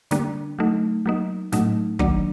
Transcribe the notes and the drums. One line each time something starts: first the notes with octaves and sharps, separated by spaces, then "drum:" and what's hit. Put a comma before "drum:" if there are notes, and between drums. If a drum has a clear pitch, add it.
D3 G3 A#3 D4, drum: snare
F#3 A3 D#4
F#3 A#3 D#4
A2 F#3 A3 D#4, drum: snare
D#3 F#3 A#3 D4, drum: kick